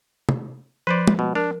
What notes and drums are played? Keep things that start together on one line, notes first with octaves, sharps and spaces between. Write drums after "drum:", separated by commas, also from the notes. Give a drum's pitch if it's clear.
drum: tom
F3 B4 C5 D5
drum: tom
B2
D4 A#4